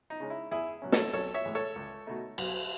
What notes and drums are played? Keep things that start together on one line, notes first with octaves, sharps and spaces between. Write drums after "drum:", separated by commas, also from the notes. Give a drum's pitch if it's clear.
D#4
C#3 G#3 C#4
E4
E2 E4 G#4
B2 F#3 C#4
A4 C#5, drum: snare
B1 A4 C#5
C#5 E5
A2 E3 G#3
A4 C#5
C#2
B2 A3 D#4
B1, drum: cymbal